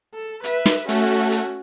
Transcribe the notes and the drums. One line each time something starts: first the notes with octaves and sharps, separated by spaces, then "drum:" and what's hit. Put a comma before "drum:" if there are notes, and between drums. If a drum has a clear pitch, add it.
A4
B4 E5, drum: hi-hat
drum: snare
A3 C#4 F#4, drum: hi-hat
drum: hi-hat